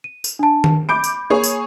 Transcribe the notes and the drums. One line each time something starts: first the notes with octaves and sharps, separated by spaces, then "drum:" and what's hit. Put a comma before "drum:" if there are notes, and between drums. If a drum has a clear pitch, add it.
D#7
drum: tambourine
D4 A5
drum: tom D#3
B5 D6 G6 D7
drum: tambourine
A#3 G#4 C#5
drum: tambourine